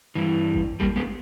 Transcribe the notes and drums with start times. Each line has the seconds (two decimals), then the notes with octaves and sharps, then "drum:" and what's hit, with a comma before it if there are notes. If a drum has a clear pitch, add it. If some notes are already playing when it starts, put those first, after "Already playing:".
0.15 G2 E3
0.54 drum: kick G#1
0.80 G3 A#3, drum: kick G#1
0.96 G#3 B3